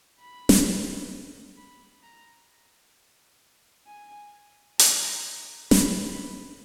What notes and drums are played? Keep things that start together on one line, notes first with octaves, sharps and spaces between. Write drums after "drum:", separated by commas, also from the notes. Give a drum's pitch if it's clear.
B5
drum: snare
B5
A#5
G#5
A#5, drum: hi-hat
B5, drum: snare